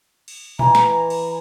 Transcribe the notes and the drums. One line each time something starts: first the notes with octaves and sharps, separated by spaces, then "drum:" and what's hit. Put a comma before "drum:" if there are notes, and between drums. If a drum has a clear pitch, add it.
drum: cymbal
E3 A#5, drum: tom A#2
drum: snare
drum: cymbal